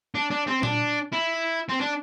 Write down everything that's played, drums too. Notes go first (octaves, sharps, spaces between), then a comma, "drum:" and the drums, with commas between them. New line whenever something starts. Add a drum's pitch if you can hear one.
D4
D4
C4
D4, drum: tom A#2
E4
C4
D4